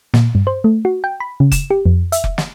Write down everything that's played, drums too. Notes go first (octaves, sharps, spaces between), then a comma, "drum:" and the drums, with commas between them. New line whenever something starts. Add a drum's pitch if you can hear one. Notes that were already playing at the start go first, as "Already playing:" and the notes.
A#2, drum: snare
G2
C5
A3
F#4
G5
B5
C#3
E7, drum: kick F1, hi-hat
G4
F2
E5, drum: hi-hat
drum: kick F1
drum: snare